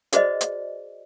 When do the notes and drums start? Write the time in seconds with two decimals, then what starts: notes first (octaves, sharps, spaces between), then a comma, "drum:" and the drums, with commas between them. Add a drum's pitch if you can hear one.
0.13 F#4 G#4 B4 C5 D5 D#5, drum: hi-hat
0.41 drum: hi-hat